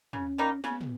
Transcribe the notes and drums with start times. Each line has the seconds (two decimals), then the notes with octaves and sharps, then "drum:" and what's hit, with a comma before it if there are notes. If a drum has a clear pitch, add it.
0.13 C#3 C#4, drum: tom
0.38 G3 A#3 D#4
0.64 C#3 B3, drum: snare
0.81 drum: tom